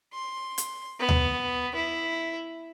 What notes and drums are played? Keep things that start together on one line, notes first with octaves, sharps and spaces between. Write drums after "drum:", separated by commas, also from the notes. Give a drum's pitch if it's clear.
C6
drum: hi-hat
B3
drum: tom D2
E4